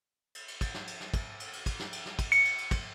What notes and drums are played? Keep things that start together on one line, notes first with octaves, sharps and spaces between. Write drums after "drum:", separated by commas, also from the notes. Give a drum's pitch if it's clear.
drum: cymbal
drum: cymbal
drum: kick, cymbal
drum: snare
drum: cymbal
drum: snare
drum: kick, cymbal
drum: cymbal
drum: cymbal
drum: kick, cymbal
drum: snare
drum: cymbal
drum: snare
drum: kick, cymbal
C#7, drum: cymbal
drum: cymbal
drum: cymbal
drum: kick, cymbal